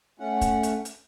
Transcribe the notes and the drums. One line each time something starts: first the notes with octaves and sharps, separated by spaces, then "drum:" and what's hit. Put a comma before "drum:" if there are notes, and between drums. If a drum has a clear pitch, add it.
A3 C#4 F#5
drum: kick, hi-hat
drum: hi-hat
drum: hi-hat